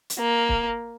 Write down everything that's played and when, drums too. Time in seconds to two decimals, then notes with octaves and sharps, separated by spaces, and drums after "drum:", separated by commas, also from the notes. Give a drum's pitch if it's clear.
0.10 drum: hi-hat
0.19 A#3
0.49 drum: kick